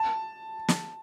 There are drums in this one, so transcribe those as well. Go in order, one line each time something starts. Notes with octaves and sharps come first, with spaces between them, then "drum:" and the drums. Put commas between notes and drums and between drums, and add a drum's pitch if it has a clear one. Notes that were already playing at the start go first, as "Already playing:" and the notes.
Already playing: A5
drum: snare